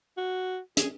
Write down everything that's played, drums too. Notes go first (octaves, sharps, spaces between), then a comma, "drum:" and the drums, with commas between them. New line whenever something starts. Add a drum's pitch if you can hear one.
F#4
G#4, drum: hi-hat